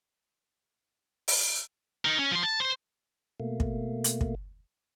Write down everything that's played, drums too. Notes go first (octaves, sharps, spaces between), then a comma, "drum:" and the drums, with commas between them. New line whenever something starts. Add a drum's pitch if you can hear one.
drum: open hi-hat
D#4 A#4
C#4
F3 C6
A5
C5
B2 A3 A#3
drum: kick
drum: hi-hat
drum: kick